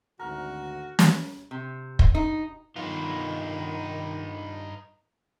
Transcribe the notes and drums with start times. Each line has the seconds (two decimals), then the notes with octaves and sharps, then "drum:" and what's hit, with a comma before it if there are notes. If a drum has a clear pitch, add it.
0.19 G#1 D2 F#4 A#4
0.99 drum: snare
1.51 C3
1.99 drum: kick
2.15 D#4
2.76 G2 D#3 D#4 F4 B4